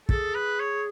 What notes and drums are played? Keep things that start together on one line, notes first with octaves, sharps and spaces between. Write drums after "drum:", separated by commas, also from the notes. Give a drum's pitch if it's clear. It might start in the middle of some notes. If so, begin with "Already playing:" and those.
G#4 A4, drum: kick
B4
C#5